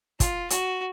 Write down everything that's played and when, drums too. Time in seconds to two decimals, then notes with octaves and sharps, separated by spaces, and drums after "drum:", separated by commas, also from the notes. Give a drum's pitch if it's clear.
0.20 F4, drum: kick, hi-hat
0.50 F#4, drum: hi-hat